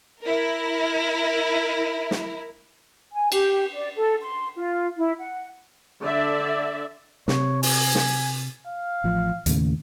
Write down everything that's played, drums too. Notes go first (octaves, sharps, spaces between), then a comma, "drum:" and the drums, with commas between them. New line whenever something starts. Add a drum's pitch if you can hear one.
E4 A#4
drum: snare
G#5
G4, drum: cymbal
D5
A4
C6
F4
E4
F#5
D3 D5 E5
C3 C#5, drum: snare
G#5, drum: open hi-hat
drum: snare
F5
A1 F3
D#2 A2 C#3, drum: hi-hat